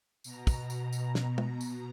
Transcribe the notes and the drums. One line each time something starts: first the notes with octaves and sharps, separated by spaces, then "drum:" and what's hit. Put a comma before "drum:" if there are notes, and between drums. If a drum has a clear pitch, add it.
B2 A#5, drum: tambourine
drum: kick, tambourine
drum: tambourine
drum: tambourine
drum: snare
drum: tom
drum: tambourine